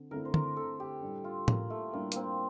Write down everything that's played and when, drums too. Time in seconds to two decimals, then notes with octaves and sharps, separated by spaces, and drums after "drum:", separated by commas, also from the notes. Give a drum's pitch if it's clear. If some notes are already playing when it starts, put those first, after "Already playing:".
Already playing: D3 C4
0.11 D3 A3 C4 E4 A#4
0.25 C5
0.34 A#4, drum: tom D3
0.57 A4
0.80 G4
1.02 A2 G3 D4
1.24 F4
1.48 A#3, drum: tom A2
1.70 A3
1.93 A2 G3 A#3 D4
2.12 A#3 C4, drum: hi-hat